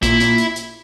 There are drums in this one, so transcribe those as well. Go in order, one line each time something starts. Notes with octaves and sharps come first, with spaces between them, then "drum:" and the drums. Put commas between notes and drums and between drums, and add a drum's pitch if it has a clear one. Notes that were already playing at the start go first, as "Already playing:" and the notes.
A#2 E4, drum: kick, hi-hat
A#2, drum: hi-hat
drum: hi-hat
drum: hi-hat